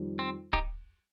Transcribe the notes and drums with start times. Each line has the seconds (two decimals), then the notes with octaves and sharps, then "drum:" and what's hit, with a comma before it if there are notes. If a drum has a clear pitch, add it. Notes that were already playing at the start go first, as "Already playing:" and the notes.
Already playing: F2 D#3 G3
0.19 C4
0.53 D#4 G4, drum: kick